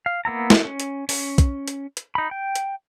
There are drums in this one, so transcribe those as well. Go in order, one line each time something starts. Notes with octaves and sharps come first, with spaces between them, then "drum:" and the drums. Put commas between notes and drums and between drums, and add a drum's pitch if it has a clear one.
F5
A#3 B3 E4 A#5
drum: snare
C#4
drum: hi-hat
C#4, drum: open hi-hat
drum: kick, hi-hat
drum: hi-hat
drum: hi-hat
D#4 B5
G5
drum: hi-hat